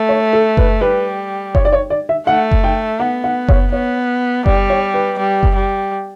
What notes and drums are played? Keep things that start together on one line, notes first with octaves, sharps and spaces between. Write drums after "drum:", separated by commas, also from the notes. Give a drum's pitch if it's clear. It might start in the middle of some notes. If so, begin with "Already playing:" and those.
Already playing: A3
C#5
A4
B4, drum: kick F#1
G3 B4
C#5, drum: kick F#1
D5
C#5
D5
E5
A3 F#5
drum: kick F#1
G5
B3 F#5
F#5
C#5, drum: kick F#1
B3 C#5
G3 D5, drum: kick F#1
C#5
B4
G3
drum: kick F#1
G3